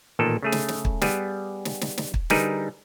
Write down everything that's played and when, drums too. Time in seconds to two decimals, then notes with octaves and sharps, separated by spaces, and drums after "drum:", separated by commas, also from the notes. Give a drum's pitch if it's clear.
0.19 A1 A#2 D#3 A4
0.42 C#3 A3 G#4
0.52 drum: snare
0.69 drum: snare
0.85 drum: kick
1.02 G3 B3 G#4 B4, drum: snare
1.65 drum: snare
1.82 drum: snare
1.98 drum: snare
2.14 drum: kick
2.30 D3 G3 D#4 G#4 A#4 B4, drum: snare